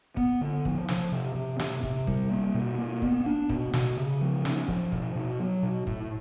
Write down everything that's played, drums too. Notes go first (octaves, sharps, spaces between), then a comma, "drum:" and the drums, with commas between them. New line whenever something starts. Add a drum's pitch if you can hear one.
B3, drum: kick
D3
F3, drum: kick
F3, drum: snare
C3
C3
C3, drum: snare
C3, drum: kick
G3, drum: kick
A#3
B2
A#3
B3, drum: kick
D4
B2, drum: kick
B2, drum: snare
C#3
F3
C#4, drum: snare
F3, drum: kick
B2, drum: kick
B2
F#3
B2
A2, drum: kick